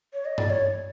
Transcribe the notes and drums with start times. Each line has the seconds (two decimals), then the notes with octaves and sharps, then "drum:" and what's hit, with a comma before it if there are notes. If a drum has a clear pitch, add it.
0.13 C#5
0.25 D#5
0.38 D5, drum: tom G2
0.50 C#5